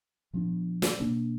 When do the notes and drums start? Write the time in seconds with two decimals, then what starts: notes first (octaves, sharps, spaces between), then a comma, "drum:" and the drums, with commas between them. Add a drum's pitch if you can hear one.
0.33 A#2 F3 B3 D4
0.82 drum: snare
1.00 B2 A#3 D4